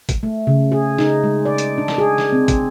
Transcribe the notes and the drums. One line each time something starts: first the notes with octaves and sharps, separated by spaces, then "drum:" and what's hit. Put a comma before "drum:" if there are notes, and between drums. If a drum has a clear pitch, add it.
drum: kick, hi-hat
A3
C#3
G#4
D#4, drum: snare
G#3
D5
drum: hi-hat
D4
drum: snare
G#4
drum: snare
C4
drum: kick, hi-hat